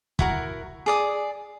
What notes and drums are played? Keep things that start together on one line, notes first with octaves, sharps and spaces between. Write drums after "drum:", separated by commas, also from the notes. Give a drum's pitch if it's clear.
E4 F#4 A#4, drum: kick
G#4 D5 D#6